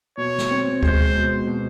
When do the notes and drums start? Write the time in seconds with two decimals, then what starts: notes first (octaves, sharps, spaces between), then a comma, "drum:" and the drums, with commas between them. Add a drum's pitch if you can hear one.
0.18 B2 C#5
0.38 drum: snare
0.51 C4
0.83 G#3 C5, drum: kick D2
1.15 B2
1.47 B2